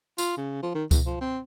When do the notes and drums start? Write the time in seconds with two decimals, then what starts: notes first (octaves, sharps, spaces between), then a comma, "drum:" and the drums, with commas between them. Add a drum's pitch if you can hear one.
0.18 F4, drum: tambourine
0.37 C#3
0.63 F3
0.75 D#3
0.91 E2, drum: kick C#2, tambourine
1.06 F3
1.21 C4